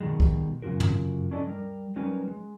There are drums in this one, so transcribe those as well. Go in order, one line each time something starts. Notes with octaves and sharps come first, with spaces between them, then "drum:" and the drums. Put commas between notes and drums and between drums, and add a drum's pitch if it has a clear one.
B2 D#3 G3 G#3
drum: kick
F#2 C#3 F3 F4 F#4 A#4
drum: tom
C#4 D4 E4 A4 D5 D#5
G3 A#4
F#3 G3 C#4 D#4 A#4 B4
G#3